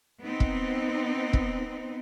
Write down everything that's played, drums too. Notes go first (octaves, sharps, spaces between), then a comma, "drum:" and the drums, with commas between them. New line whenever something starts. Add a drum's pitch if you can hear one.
B3 C4 D#4
drum: kick
drum: kick